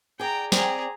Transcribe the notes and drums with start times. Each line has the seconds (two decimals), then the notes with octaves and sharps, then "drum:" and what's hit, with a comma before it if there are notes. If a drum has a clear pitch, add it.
0.20 G#4 D5 G5 A#5
0.52 C4 G#4 D5 G5 A#5, drum: snare